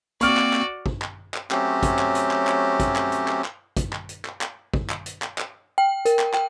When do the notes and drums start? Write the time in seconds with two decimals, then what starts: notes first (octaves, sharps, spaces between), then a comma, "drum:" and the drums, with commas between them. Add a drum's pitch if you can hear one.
0.21 A#3 C4 F#4 D5 C#6 F6, drum: hi-hat
0.37 drum: clap
0.53 drum: clap
0.86 drum: kick
1.02 drum: clap
1.34 drum: clap
1.51 F#3 A3 C4 C#4 G4, drum: clap
1.83 drum: kick, hi-hat
1.99 drum: clap
2.15 drum: hi-hat
2.31 drum: clap
2.47 drum: clap
2.80 drum: kick, hi-hat
2.96 drum: clap
3.12 drum: hi-hat
3.28 drum: clap
3.44 drum: clap
3.77 drum: kick, hi-hat
3.93 drum: clap
4.09 drum: hi-hat
4.25 drum: clap
4.41 drum: clap
4.74 drum: kick
4.90 drum: clap
5.06 drum: hi-hat
5.22 drum: clap
5.38 drum: clap
5.78 G5
6.05 A#4, drum: hi-hat
6.19 drum: clap
6.34 G5, drum: clap